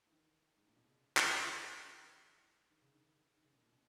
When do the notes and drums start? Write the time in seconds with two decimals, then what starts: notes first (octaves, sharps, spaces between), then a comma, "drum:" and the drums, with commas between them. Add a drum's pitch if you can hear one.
0.06 E3
0.12 D#3
0.57 G#2
0.67 A#2
0.76 B2
0.86 C#3
1.17 drum: clap
1.60 D#3
1.97 E3
2.70 D#3
2.82 C#3
2.94 D#3
3.36 D#3
3.44 C#3
3.53 B2
3.63 A#2
3.72 B2